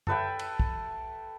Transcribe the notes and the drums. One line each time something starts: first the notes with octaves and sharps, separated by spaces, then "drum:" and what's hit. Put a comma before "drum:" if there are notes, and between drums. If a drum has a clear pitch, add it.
A4 B4 E5 G5, drum: tom F#2
drum: cymbal
drum: kick